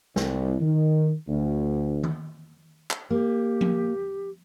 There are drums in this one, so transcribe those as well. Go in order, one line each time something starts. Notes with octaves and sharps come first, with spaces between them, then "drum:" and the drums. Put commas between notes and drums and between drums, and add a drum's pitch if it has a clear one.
C2, drum: snare
D#3
D2
drum: tom D#3
drum: clap
A#3 G4
drum: tom F3